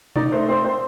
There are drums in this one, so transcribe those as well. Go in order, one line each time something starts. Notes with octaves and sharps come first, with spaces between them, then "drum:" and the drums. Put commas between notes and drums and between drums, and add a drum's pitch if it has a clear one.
D#4 D5, drum: tom B2
A3 C5
C4 C5
C4 C5